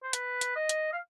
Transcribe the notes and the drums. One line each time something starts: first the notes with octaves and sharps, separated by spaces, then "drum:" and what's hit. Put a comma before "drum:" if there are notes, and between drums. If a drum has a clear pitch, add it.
C5
B4, drum: hi-hat
drum: hi-hat
D#5
drum: hi-hat
F5